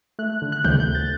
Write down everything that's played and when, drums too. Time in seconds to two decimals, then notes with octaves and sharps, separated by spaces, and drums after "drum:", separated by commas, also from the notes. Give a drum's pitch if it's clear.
0.19 A3 F#6
0.42 D3
0.52 F#6
0.64 D2 G6, drum: tom C3
0.80 G6
0.88 D2
0.95 A6